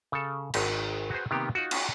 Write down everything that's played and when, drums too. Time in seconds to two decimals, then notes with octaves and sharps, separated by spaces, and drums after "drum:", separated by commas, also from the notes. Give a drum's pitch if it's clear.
0.12 C#3 A4
0.54 G#1 D#4 A#5, drum: cymbal
1.10 F#4 G#4 B4 C5
1.31 C3 D#3 A#3 B3 G4
1.55 D#4 F4 F#4
1.71 drum: cymbal